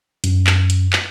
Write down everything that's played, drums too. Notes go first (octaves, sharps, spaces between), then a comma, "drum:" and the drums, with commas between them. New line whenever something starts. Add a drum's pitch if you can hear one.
F#2, drum: hi-hat
drum: clap
drum: hi-hat
drum: clap